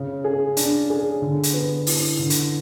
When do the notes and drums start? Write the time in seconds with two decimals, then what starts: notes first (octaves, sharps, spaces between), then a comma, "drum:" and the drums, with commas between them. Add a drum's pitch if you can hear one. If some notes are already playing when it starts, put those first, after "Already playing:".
Already playing: C#3
0.24 G#4
0.57 D4, drum: hi-hat
0.90 G#4
1.22 D3
1.43 drum: hi-hat
1.54 B3
1.87 E4, drum: open hi-hat
2.19 D3
2.30 drum: hi-hat